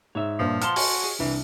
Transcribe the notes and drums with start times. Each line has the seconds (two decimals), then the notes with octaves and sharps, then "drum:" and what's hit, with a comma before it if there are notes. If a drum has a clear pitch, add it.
0.15 G#2 C#5 E5
0.39 G2 A#2 F3
0.62 F#5 A5 C6 F6 E7, drum: hi-hat
0.76 F#4 G#5, drum: open hi-hat
1.04 G#4
1.20 C2 E3 D4